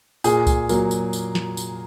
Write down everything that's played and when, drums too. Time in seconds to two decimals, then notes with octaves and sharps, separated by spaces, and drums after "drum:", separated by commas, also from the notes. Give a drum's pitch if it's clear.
0.24 A#2 G#4, drum: tambourine
0.47 drum: kick C2, tambourine
0.69 F#3 A#3, drum: tambourine
0.91 drum: tambourine
1.13 drum: tambourine
1.35 drum: snare
1.57 drum: tambourine